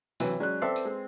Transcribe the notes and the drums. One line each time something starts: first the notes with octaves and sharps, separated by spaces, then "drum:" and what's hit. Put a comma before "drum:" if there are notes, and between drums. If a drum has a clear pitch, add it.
C3 E3 F#3 E4 B4 C#5, drum: tambourine
F#3 G#3 C#4 D5 F#6
C4 A4 D5 E5 C7
drum: tambourine
G#3